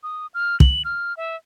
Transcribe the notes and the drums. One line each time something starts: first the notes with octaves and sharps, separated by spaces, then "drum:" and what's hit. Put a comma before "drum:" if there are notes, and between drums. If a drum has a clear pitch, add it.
D#6
F6
F#7, drum: kick
F6
E5